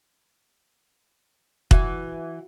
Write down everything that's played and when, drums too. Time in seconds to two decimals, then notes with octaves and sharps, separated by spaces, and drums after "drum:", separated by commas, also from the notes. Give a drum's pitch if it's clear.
1.71 E3 F#4, drum: kick